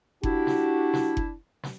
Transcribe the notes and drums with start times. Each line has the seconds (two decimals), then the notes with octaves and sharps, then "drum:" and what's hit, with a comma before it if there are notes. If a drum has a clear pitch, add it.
0.23 D4 E4 F#4 G4, drum: kick F#1
0.47 drum: snare
0.93 drum: snare
1.17 drum: kick F#1
1.63 drum: snare